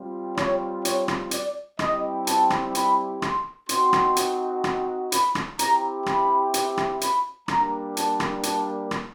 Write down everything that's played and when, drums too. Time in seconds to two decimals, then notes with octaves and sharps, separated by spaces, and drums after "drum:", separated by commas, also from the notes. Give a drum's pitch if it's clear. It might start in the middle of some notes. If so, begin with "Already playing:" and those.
Already playing: G3 C4 F4
0.37 C#5, drum: rim click
0.85 C#5, drum: hi-hat
1.08 drum: rim click
1.31 D5, drum: hi-hat
1.79 G3 C4 E4 G4 D#5, drum: rim click
2.27 A5, drum: hi-hat
2.50 drum: rim click
2.75 B5, drum: hi-hat
3.22 C6, drum: rim click
3.69 C4 D#4 F#4 C6, drum: hi-hat
3.93 drum: rim click
4.16 drum: hi-hat
4.64 drum: rim click
5.12 B5, drum: hi-hat
5.35 drum: rim click
5.59 C4 E4 G4 A#5, drum: hi-hat
6.06 B5, drum: rim click
6.54 drum: hi-hat
6.77 drum: rim click
7.01 B5, drum: hi-hat
7.48 G3 A#3 D4 A#5, drum: rim click
7.97 A5, drum: hi-hat
8.20 drum: rim click
8.43 A5, drum: hi-hat
8.91 drum: rim click